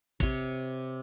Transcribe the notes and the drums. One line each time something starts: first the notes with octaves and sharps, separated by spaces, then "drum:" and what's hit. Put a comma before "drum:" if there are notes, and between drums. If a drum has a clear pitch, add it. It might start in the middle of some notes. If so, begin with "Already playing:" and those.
C3 C#5, drum: kick